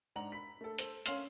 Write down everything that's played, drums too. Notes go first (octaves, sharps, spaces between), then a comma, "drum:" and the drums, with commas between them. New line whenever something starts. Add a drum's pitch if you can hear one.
G#2 D4 F#5 A#5 F#7
B5 B6
A3 A4
A4 C5, drum: hi-hat
C#4 C#5 F5 C6 F6 C7, drum: hi-hat